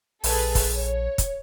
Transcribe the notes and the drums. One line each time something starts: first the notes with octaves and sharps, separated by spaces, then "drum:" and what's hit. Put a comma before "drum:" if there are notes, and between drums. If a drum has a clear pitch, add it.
A#1 G#4 A4 B4, drum: open hi-hat
drum: kick, open hi-hat
C#5
drum: kick, hi-hat